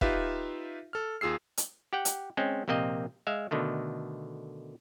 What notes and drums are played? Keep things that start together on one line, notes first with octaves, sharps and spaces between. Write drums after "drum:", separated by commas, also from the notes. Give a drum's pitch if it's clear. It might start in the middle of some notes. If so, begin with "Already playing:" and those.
D#4 F4 G4 B4 E5 F5, drum: kick
A4 F6
D#2 F4 G#4 E6 C7
drum: hi-hat
G4 F#5 G5
drum: hi-hat
G#3 C4 C#4
A#1 C3 A#3 C4 D#5
G#3 E5 F5
B2 D3 D#3 A3